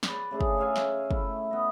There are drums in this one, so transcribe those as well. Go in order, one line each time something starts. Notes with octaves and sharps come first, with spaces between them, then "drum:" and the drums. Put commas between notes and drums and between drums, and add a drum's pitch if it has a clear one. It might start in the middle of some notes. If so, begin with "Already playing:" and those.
B4 D5, drum: snare
C#3 A3 D4 G#4
drum: kick
C#5 E5 F5 G#5
drum: snare
A3 E4, drum: kick
B3 D#5